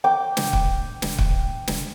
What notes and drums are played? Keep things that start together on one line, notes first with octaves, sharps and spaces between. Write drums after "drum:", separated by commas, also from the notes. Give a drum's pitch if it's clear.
G5 D6
drum: snare
drum: kick
drum: snare
drum: kick
drum: snare